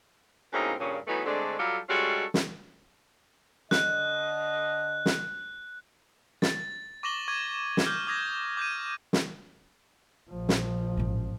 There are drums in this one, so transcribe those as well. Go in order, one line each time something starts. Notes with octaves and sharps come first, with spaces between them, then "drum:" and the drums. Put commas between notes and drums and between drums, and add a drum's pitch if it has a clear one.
F#2 A2 C#3 A#3 C4 D#4
G2 A#2 C#3
E3 F#3 A3 B3 D#4
D3 G#3 A3 C4 D4
F#3 G3 F4 G4 A4
G3 G#3 C#4 F4 F#4 A4
drum: snare
D3 D#5 F#6, drum: snare
drum: snare
A6, drum: snare
C#6 D6 A#6 E7 F#7 G7
C#6 D6 G#6 D#7
drum: snare
D6 F6 G6
D6 D#6 G#6 A#6
D6 G6 G#6 D#7
drum: snare
A#1 F3
drum: snare
A1 G#2